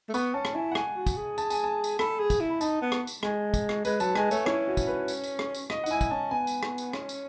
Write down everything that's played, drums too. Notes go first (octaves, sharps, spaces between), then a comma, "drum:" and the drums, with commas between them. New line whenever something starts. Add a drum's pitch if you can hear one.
A3
B3 C#6, drum: tambourine
C#4 A5
drum: rim click
E4 G#5
F#5
G#5, drum: rim click
F#4
drum: kick, tambourine
G#4
A5, drum: tambourine
G#5, drum: tambourine
A5
drum: tambourine
A4 B5, drum: rim click
G#4
drum: kick, tambourine
E4
B5
D#4 A5, drum: tambourine
B3
drum: rim click
drum: tambourine
G#3 G#5, drum: rim click
drum: kick, tambourine
drum: rim click
G#3 B4, drum: tambourine
F#3 A5, drum: tambourine
G#3 G#5, drum: rim click
A3 C#5, drum: tambourine
C#4 E4, drum: rim click
F#4
drum: kick, tambourine
B4
drum: tambourine
drum: tambourine
drum: rim click
drum: tambourine
D#5, drum: rim click
F#5
D#4, drum: tambourine
E4 G#5
drum: kick, tambourine
C#4 A5
B3 G#5
drum: tambourine
drum: rim click
drum: tambourine
C#4, drum: rim click
drum: tambourine